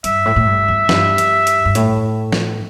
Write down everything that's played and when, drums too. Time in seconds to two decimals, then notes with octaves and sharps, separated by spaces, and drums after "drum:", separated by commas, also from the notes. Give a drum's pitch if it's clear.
0.04 G2 E5, drum: hi-hat
0.26 A2
0.36 A2
0.47 G2
0.68 E2
0.89 G2, drum: snare
1.18 drum: hi-hat
1.47 drum: hi-hat
1.65 G2
1.75 A2, drum: hi-hat
2.32 drum: snare